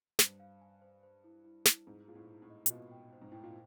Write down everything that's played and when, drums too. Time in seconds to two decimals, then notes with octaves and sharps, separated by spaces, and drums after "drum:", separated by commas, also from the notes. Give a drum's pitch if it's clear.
0.19 G2 C5, drum: snare
0.40 F5
0.61 G#5
0.82 C5
1.03 C5
1.24 E4
1.44 E4
1.65 E4, drum: snare
1.86 G#2 G#4
2.07 A#2 G#4
2.15 A2
2.29 E4
2.42 A2
2.50 D#5
2.66 B2, drum: hi-hat
2.70 A#2 D#5
2.91 G5
3.13 C5
3.22 G#2
3.32 A2 G5
3.43 A#2